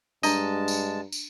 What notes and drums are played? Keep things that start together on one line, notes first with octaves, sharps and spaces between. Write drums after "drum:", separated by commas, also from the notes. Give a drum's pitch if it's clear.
G2 G#3 D4 D#5 A5 A#5, drum: tambourine
drum: tambourine
drum: tambourine